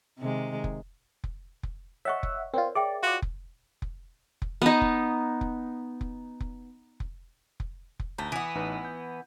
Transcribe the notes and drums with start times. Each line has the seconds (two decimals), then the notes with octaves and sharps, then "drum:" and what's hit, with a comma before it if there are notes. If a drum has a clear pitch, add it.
0.19 C3 D#3 G#3
0.64 drum: kick F1
1.24 drum: kick F1
1.63 drum: kick F1
2.05 C#5 D#5 E5 F#5 C#6
2.23 drum: kick F1
2.54 C4 F4 A#4 C#5 D5
2.75 G#4 D5 E5 G5
3.03 F4 F#4 D5
3.22 drum: kick F1
3.82 drum: kick F1
4.42 drum: kick F1
4.62 B3 D#4
4.81 drum: kick F1
5.41 drum: kick F1
6.01 drum: kick F1
6.40 drum: kick F1
7.00 drum: kick F1
7.60 drum: kick F1
8.00 drum: kick F1
8.18 D2 D#4 A5 B6
8.32 E3 B3 D6 D#6 B6
8.55 A1 D#4 B4
8.85 G6